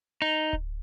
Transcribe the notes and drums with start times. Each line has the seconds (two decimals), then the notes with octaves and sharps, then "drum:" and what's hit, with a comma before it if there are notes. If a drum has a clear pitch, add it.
0.22 D#4
0.53 drum: kick D1